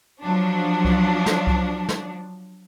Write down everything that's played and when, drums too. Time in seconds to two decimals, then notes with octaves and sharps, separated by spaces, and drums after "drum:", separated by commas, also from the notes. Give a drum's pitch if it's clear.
0.22 F3 F#3 D4
0.85 drum: kick C2
1.26 drum: snare
1.47 drum: kick C2
1.89 drum: snare